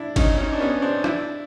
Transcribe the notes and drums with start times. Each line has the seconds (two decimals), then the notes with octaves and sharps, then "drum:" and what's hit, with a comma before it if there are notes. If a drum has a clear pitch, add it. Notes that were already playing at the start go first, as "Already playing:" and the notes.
Already playing: D4 E4
0.16 C#4 D#4, drum: kick, cymbal
0.38 C#4 D#4
0.52 D4
0.60 B3 C#4
0.82 C4 D4
1.04 D4 E4, drum: rim click